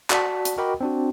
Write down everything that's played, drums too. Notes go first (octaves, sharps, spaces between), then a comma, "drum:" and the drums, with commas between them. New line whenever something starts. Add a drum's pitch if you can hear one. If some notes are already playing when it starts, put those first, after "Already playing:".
F#4 D5 F#5 A5 B6, drum: clap
drum: hi-hat
F#4 A#4 D#5 G5 B5 D6
C4 D4 F#4